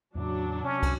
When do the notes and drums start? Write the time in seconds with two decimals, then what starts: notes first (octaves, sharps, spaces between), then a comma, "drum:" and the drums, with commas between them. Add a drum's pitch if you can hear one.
0.15 E2 A2 C#3 F#3 D4
0.63 C3 C#4
0.83 drum: kick, cymbal